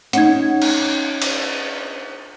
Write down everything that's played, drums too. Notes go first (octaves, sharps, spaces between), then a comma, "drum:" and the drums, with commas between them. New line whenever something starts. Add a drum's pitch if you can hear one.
C#4 D#4 F#5 G#6, drum: hi-hat
drum: cymbal
drum: cymbal